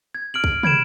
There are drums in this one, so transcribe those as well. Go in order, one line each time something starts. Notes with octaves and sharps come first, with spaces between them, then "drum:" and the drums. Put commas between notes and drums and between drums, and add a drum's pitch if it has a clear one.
G#6
F6 D7 F#7
drum: kick
B5 G#6 D7 E7, drum: tom